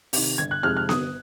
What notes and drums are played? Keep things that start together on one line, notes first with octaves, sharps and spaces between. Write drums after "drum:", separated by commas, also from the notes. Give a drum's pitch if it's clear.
C3 D#3, drum: open hi-hat
G1 G#6
F#6
F2 C3 D#3 G#3 F6
F6
G1 D#6, drum: snare B3